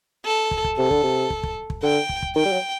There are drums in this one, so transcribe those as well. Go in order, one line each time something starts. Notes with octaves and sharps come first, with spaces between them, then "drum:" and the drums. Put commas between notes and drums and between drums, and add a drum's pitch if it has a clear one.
A4
drum: kick
drum: kick
C3 A4
D3, drum: kick
C3
drum: kick
drum: kick
drum: kick
D3 G5
drum: kick
drum: kick
D#3 G5
G3
F#3